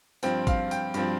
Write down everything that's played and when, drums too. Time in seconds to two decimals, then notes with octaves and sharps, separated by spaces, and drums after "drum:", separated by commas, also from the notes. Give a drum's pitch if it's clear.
0.23 G2 F3 C4 G5, drum: tambourine
0.47 F5, drum: kick G#1, tambourine
0.71 G5, drum: tambourine
0.94 G2 F3 C4, drum: tambourine